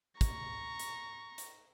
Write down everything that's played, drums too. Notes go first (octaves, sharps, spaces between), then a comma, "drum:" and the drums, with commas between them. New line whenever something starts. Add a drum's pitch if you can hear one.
A#5 C#6, drum: kick, hi-hat
drum: hi-hat
drum: hi-hat